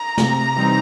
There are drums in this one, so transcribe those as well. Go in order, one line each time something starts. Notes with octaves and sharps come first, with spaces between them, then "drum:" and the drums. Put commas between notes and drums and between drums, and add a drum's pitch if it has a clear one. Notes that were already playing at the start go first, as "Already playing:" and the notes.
Already playing: A#5
C3, drum: snare
E3 G3 C4 D#4